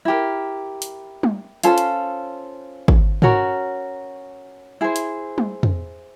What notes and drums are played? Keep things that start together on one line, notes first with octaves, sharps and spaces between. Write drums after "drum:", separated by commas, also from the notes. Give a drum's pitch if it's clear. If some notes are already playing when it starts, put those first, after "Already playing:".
E4 G4 A#4
drum: hi-hat
drum: tom
C#4 F4 A4 C5, drum: hi-hat
drum: hi-hat
drum: kick
C#4 F#4 A#4 C#5, drum: tom
E4 G#4 C5
drum: hi-hat
drum: tom
drum: tom